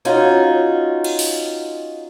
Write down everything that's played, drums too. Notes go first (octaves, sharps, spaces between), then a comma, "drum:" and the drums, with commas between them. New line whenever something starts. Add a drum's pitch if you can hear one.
C#4 D#4 F4 F#4
drum: cymbal
drum: open hi-hat